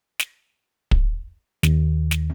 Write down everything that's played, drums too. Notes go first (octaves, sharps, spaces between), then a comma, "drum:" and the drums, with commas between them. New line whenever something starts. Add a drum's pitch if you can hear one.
drum: snare
drum: kick
D#2, drum: snare
drum: snare